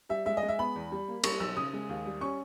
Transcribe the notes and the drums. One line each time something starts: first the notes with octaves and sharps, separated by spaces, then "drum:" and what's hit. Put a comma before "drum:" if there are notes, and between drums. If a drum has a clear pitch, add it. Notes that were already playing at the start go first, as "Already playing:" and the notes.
G3 E5
G#3 E5
D#5
G#3
E5
B3 B5
E2
G3
A#3
G3 C#6, drum: cymbal
B1 E6
C#3 D#6
G#3
D#2
G3
C#4 C#6